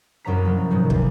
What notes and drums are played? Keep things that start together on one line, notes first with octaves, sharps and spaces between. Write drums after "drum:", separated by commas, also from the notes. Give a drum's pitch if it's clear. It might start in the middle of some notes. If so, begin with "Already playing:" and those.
C2 F#2 A#2 F#3 A#5 B6
F3 F#3
G#2 C3 D#3 F#3
C#2, drum: kick